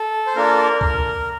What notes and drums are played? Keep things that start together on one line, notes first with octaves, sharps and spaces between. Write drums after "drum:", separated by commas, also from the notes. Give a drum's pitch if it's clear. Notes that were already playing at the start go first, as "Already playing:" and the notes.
Already playing: A4
C5
A#3 D4 F4 A4 A#4
A#4, drum: kick C2